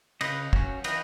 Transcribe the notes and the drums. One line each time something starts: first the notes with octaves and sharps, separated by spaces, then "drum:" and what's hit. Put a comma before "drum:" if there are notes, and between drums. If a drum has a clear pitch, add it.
C#3 B4 D#5, drum: cymbal
F#3 C#4, drum: kick
E3 B4 D#5, drum: cymbal